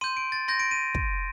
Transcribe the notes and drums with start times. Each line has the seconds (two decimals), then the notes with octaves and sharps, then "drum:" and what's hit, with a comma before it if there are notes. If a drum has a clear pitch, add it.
0.01 C6 G6 D#7
0.17 D7
0.32 A6
0.48 C6 G6 A#6
0.60 D7
0.71 D#7
0.95 drum: kick